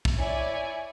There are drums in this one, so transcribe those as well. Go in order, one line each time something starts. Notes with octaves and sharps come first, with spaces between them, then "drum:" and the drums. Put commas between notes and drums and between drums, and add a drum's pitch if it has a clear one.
drum: kick
E4 C#5 D5 G#5